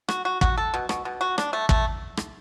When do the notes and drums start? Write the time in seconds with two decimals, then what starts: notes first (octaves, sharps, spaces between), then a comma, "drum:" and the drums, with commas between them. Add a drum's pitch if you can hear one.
0.08 F#4, drum: rim click
0.25 F#4
0.41 F#4, drum: kick
0.58 A4
0.74 B2
0.89 B2, drum: rim click
1.05 B2
1.21 F#4
1.38 D4, drum: rim click
1.53 A3
1.69 A3, drum: kick
2.17 drum: rim click